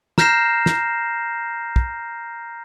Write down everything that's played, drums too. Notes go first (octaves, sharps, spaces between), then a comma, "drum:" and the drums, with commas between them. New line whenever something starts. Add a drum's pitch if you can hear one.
A#5 F6 G6 A#6 C7 E7, drum: snare
drum: snare
drum: kick